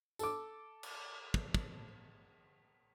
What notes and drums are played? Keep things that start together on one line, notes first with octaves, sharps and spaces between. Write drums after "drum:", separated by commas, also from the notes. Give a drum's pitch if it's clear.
A4 D6, drum: tambourine
drum: cymbal
drum: kick
drum: kick